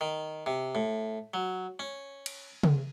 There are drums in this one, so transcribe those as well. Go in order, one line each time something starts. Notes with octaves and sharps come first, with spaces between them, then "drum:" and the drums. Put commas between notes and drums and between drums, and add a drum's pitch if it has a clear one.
D#3
C3
A2
F#3
C#4
drum: cymbal
drum: tom